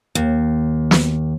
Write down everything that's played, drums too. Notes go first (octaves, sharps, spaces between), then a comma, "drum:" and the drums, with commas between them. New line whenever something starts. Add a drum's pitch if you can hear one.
D#2
drum: snare